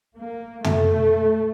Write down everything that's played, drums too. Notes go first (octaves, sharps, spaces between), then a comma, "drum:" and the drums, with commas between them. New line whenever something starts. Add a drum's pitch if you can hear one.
A#3
A3, drum: tom